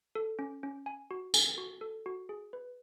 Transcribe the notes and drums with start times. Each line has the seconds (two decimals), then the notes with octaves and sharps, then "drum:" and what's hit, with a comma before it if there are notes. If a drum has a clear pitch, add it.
0.15 A4
0.39 C#4
0.63 C#4
0.86 G#5
1.11 F#4
1.34 G#5, drum: tambourine
1.58 F#4
1.81 A4
2.06 F#4
2.29 G#4
2.53 B4